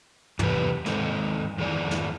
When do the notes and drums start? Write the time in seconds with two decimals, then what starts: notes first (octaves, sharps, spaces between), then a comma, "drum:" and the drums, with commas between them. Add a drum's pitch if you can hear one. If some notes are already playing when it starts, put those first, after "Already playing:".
0.39 E2 C3 G4 B4, drum: tom
0.86 D#3 G#3 C4 A4 C5, drum: snare
1.58 F2 D#3 G#4 D5
1.91 drum: snare